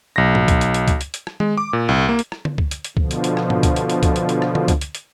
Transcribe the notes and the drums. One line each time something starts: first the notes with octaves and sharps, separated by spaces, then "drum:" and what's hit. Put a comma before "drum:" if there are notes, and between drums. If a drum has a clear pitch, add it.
B1 A#6
drum: tom G#2
drum: kick C#2, hi-hat
drum: hi-hat
drum: hi-hat
drum: kick C#2, hi-hat
drum: hi-hat
drum: hi-hat
drum: rim click
G#3, drum: tom D#3
D6
A#2
C2
A#3
drum: hi-hat
drum: rim click
drum: tom D3
drum: kick C#2
drum: hi-hat
drum: hi-hat
B2 D3 F3, drum: kick C#2
drum: hi-hat
drum: hi-hat
drum: rim click
drum: tom G#2
drum: kick C#2, hi-hat
drum: hi-hat
drum: hi-hat
drum: kick C#2, hi-hat
drum: hi-hat
drum: hi-hat
drum: rim click
drum: tom D3
drum: kick C#2, hi-hat
drum: hi-hat
drum: hi-hat